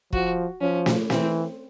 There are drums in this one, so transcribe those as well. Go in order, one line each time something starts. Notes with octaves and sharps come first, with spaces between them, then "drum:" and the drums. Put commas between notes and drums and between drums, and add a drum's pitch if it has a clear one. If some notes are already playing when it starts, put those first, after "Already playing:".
F3 F#4, drum: kick
F3 C#4
drum: snare
E3 C4, drum: snare